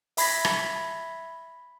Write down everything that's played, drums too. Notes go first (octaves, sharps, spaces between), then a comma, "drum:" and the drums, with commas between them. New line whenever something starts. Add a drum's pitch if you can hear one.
E5 B5 G#6 A#6 B6, drum: open hi-hat
drum: rim click